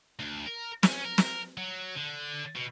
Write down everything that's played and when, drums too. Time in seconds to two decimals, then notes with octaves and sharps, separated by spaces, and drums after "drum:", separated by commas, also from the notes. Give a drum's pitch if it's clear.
0.19 D2
0.46 A#4
0.83 C#4, drum: snare
1.04 A#4
1.18 drum: snare
1.57 F#3
1.96 D3
2.55 B2